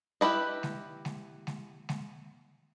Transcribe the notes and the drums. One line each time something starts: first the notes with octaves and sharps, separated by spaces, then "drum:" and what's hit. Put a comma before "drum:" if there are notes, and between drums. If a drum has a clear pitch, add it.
E4 G4 B4 D#5
drum: snare G#3
drum: snare G#3
drum: snare G#3
drum: snare G#3